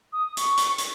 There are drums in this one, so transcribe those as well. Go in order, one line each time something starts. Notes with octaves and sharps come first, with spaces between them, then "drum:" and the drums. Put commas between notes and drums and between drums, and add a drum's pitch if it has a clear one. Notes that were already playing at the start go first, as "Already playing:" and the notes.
D#6
C#6, drum: hi-hat
drum: hi-hat
C#6
drum: hi-hat